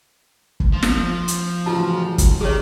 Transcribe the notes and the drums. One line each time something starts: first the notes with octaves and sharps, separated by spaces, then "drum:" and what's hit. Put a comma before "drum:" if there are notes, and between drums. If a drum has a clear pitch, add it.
drum: kick F#1
F3
drum: snare
drum: hi-hat
A1 C#3 F#3 F4 A5
drum: kick F#1, hi-hat
C3 D#3 G#4 C#5